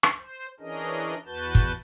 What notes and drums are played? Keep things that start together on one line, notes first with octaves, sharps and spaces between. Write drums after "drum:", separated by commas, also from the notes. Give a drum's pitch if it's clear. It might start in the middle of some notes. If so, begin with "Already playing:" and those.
drum: rim click
C5
E3 C#4 D4 G#4 A#4 D#5
E2 F#4 B4 A5 G6
drum: kick